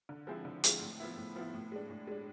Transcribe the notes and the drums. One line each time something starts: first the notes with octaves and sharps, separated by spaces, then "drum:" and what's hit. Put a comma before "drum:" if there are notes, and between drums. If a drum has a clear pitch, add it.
D3
F3 G#3 C4 E4
D3
F3 G#3 C4 E4, drum: hi-hat
A2
F3 B3 E4
A2
F3 B3 E4
A2
G#3 D4
A2
G#3 D4